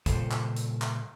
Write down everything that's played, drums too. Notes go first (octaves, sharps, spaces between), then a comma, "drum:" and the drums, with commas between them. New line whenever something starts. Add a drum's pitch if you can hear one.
A#2 C#3 G3 A4 C5, drum: kick, hi-hat
drum: clap
drum: hi-hat
drum: clap